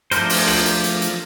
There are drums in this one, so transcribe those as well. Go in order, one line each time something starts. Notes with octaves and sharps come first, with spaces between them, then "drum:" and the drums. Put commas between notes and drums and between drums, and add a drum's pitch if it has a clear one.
F3 A3 D4 A#4 C5, drum: hi-hat
drum: open hi-hat
drum: rim click
drum: hi-hat
drum: hi-hat
drum: hi-hat